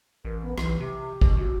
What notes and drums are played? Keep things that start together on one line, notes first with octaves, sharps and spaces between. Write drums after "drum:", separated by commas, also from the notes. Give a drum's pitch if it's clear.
A1 A#4
B3
B1 E3, drum: rim click
C3 G4
B2, drum: kick G#1
G1 F#4